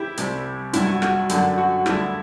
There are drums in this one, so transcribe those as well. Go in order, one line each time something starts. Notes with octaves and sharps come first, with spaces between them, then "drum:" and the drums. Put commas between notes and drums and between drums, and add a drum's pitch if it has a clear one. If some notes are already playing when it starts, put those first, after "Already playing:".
Already playing: E4 G4
C2 C3 G3, drum: hi-hat
G2 F#3 E4, drum: hi-hat
F#4
F#4, drum: rim click
F#2 D3 F#3, drum: hi-hat
F#4
D2 D3 G3 E4, drum: rim click